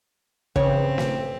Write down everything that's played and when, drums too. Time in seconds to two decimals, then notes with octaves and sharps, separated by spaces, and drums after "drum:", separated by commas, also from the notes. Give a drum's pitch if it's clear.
0.56 G2 C#3 E3 F3 C4 G4 C#5, drum: kick
0.98 drum: snare